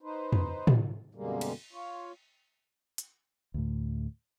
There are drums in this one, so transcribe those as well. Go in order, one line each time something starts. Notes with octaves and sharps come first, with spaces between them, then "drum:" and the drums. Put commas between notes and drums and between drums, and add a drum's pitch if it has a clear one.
D#4 B4 C5
drum: tom
drum: tom
F#2 B2 D3 G3 G#3 A#3
drum: cymbal
F4 C#5
drum: hi-hat
D2 A2